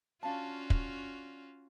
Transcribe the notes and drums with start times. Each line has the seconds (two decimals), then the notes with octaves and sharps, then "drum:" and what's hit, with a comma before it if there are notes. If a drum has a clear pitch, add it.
0.23 C#4 D4 F4 F#4 F5 A5
0.70 drum: kick